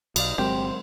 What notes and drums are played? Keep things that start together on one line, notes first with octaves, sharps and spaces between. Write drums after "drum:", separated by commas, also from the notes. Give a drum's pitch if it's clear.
B1 D#4 F#4 D5 F5, drum: cymbal
G1 C3 F#3 G#3 C4 G4 A#4 C5